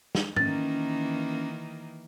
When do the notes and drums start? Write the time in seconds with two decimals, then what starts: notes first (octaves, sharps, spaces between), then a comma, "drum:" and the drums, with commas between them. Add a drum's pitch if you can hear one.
0.15 drum: snare
0.36 D#3 E3 A#3 C#4 A6, drum: tom